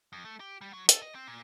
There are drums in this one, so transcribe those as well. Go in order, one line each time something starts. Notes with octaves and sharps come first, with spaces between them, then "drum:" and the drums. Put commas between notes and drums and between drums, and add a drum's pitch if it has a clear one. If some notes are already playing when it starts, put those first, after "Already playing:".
F2
A3
G4
G3
F#3
A4, drum: hi-hat
D#5
C4
A#2